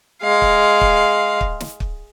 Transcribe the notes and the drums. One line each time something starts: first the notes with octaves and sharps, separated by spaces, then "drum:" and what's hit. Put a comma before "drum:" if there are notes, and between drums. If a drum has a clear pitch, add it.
G#3 F5
drum: kick
drum: kick
drum: kick
drum: snare
drum: kick